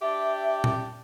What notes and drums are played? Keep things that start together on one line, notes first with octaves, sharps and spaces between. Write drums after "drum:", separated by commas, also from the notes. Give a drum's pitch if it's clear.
D4 G4 E5
drum: tom A#2